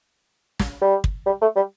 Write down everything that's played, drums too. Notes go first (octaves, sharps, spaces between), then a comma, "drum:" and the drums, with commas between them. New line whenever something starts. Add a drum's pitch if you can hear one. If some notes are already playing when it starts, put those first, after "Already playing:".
drum: snare
G3
drum: kick
G3
A3
G3